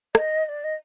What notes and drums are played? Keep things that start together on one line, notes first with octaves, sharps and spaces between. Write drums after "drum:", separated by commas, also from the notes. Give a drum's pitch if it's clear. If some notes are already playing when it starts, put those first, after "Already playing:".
D#5, drum: rim click
D#5
D5
D#5